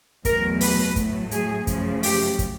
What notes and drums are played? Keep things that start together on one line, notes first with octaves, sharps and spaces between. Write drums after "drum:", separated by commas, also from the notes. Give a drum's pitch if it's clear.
E2 B2 F#3 A3 A#4, drum: kick, hi-hat
B4, drum: open hi-hat
A2 F#3 A3, drum: kick, hi-hat
G#4, drum: hi-hat
F#2 C#3 F3 A3, drum: kick, hi-hat
G4, drum: open hi-hat
drum: kick, hi-hat